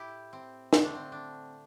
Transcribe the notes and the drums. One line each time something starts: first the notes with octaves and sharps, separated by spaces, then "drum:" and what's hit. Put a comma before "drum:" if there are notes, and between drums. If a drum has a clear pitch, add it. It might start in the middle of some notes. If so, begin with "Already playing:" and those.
Already playing: A2 E4 G4
C4
D3 A3 C4, drum: snare
D4
C4
D4